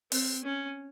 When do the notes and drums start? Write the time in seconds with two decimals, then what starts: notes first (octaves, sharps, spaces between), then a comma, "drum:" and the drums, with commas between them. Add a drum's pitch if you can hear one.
0.12 C4, drum: open hi-hat
0.44 C#4